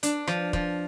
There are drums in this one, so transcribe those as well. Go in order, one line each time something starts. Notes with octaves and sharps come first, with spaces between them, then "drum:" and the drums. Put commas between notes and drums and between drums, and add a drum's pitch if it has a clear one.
D4, drum: hi-hat
F3, drum: rim click
F3, drum: kick